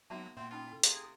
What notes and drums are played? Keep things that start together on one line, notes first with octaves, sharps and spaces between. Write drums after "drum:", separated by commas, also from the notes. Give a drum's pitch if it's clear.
F#3 G#3 A#3 B3 D#4 F#4 E5 A5
A#2 A#3 C4 E5 C6
C#4 D#4 F4 G5 A5
E4 A4
C3 G#4 F5, drum: hi-hat